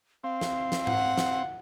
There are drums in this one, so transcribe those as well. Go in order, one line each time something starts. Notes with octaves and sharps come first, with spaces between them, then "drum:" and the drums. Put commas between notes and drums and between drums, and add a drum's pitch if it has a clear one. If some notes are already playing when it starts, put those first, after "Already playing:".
C4 F5
drum: snare
drum: snare
F#5, drum: tom G#2
drum: snare